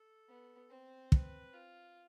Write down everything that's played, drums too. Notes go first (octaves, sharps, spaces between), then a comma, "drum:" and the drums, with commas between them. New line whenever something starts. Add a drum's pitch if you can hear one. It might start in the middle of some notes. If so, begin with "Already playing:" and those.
Already playing: A4
B3
C4 C5
B4, drum: kick
F4